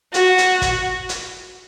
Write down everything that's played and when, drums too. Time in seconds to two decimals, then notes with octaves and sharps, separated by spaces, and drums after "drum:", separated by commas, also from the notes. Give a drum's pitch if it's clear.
0.14 F#4, drum: hi-hat
0.38 drum: hi-hat
0.62 drum: kick, hi-hat
1.09 drum: hi-hat